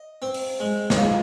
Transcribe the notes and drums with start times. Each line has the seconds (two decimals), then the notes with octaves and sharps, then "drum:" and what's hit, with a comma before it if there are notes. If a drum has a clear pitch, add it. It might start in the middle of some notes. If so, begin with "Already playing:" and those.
Already playing: D#5
0.22 C4
0.34 drum: open hi-hat
0.60 G#3
0.90 C#5, drum: snare
0.97 F3 D#5